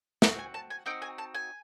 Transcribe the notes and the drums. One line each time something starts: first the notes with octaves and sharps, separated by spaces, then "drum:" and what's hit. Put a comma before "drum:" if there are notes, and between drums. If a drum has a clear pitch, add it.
C4 D#4 F#4 F#5, drum: snare
G#5
A5
G#5
C4 D#4 F#4 G5
G#5
A5
G#5